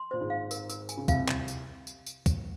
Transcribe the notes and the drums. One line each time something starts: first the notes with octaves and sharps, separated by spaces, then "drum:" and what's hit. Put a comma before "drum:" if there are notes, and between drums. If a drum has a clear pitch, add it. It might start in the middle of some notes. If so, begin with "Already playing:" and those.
Already playing: C6
A#2 C5
G#1 G#2
F5
A#4, drum: tambourine
A#4, drum: tambourine
G#5, drum: tambourine
C#3
C2 C3 F5, drum: kick, tambourine
drum: clap
drum: tambourine
drum: tambourine
drum: tambourine
drum: kick, tambourine